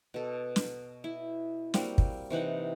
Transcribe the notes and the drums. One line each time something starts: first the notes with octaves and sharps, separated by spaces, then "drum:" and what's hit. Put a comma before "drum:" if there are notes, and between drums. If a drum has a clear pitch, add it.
B2 A4
drum: snare
E4
G3 A#3 C4 F#4, drum: snare
drum: kick
C3 E3 D#4 F#5